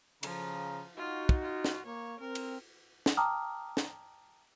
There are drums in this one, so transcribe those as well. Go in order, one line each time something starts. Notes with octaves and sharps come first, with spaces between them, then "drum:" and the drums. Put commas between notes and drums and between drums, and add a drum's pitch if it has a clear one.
C#3 F3 A#5, drum: cymbal
D#4 F4 F#4
drum: kick
F4
drum: snare
A#3 C#5
C4 A#4
drum: cymbal
drum: snare
G5 A5 A#5 D6 D#6 F6
drum: snare